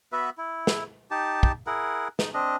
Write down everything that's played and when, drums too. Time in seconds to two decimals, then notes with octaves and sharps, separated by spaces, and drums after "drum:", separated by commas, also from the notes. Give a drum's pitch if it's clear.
0.12 B3 F#4 B4 E5
0.38 E4
0.67 drum: snare
1.11 D#4 G4 A5
1.43 drum: kick
1.67 E4 G#4 A#4 F#5
2.19 D#4, drum: snare
2.34 C4 D4 D#5